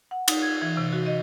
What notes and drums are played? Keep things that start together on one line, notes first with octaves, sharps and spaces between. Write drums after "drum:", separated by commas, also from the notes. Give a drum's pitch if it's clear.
F#5
D#4, drum: cymbal
G#6
E3
C3
F#4
D#5